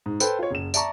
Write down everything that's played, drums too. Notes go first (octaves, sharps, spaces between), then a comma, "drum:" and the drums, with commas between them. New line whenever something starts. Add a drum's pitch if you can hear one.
G#2
A4 B4 C5 G5, drum: tambourine
F4 C#5
F#1 E7
D5 E5 A5 A#5 C#6, drum: tambourine